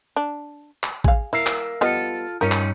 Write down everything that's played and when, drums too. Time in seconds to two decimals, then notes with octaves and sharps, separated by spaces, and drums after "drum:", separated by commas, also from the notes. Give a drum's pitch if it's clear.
0.16 D4
0.83 drum: clap
1.04 G#4 F5, drum: kick A1
1.33 E4 A#4 E5 F5
1.46 drum: clap
1.81 G3 B3 F4 A4 D#5
2.41 G2 C#4 D#4 F4 A#4
2.52 drum: clap